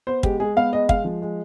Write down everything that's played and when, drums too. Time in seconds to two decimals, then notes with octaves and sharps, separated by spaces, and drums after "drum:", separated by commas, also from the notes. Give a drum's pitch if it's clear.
0.07 B3 C5
0.23 G#3 G4, drum: kick
0.40 G#3 G#4
0.56 B3 F5
0.73 G#3 D#5
0.89 G#3 F5, drum: kick
1.05 F3
1.22 G#3